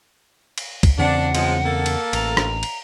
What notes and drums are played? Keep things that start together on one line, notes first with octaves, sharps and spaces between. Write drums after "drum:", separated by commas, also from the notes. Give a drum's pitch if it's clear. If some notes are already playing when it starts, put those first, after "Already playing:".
drum: cymbal
drum: kick, cymbal
E2 C#3 C4 D4 F#5
F3 F#3 G#3, drum: cymbal
A#3 A4
drum: cymbal
A1 A#5, drum: cymbal
drum: rim click
drum: cymbal